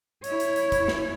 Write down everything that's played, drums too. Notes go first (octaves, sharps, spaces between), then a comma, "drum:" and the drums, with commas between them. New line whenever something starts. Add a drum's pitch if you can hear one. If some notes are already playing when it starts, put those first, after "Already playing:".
E4 C#5, drum: hi-hat
drum: hi-hat
drum: hi-hat
drum: kick, hi-hat
drum: snare